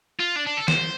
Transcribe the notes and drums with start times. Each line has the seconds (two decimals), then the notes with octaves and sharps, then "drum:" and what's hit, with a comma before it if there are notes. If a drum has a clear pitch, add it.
0.19 F4
0.36 D4
0.46 D4
0.57 A4
0.68 C5, drum: snare